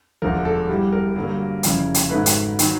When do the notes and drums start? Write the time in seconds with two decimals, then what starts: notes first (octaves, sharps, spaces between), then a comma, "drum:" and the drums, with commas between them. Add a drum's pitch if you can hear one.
0.22 E1 D2 D3 F3 A#4
0.45 A4
0.69 G2 E3 G3
0.92 A#4
1.16 G2 D3 F#3 A#3
1.63 F#1 F2 C#3 E3, drum: hi-hat
1.94 drum: hi-hat
2.10 G#2 D#3 F#3 A3 B4
2.26 drum: hi-hat
2.59 D#3 F#3, drum: hi-hat